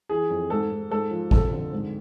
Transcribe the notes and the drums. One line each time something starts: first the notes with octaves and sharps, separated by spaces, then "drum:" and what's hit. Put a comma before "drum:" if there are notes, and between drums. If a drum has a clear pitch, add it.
E3 G#4
F2
G#2 A4
G#2
G#2 A4
F3
F2 A4, drum: kick
D3
G#2